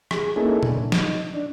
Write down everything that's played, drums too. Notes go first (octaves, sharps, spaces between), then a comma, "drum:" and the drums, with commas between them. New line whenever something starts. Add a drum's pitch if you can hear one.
G#4, drum: rim click
A#3 C#4 D#4 E4 G#4 A4
D3, drum: tom A#2
D#4, drum: snare
D4